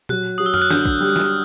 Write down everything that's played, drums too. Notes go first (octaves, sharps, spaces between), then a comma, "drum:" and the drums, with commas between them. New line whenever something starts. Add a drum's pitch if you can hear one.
F#3 F#6, drum: tom A#2
F#3 D#6
E6
F6, drum: tom F#2
F#6
D3 G6, drum: snare
drum: kick
G3
drum: snare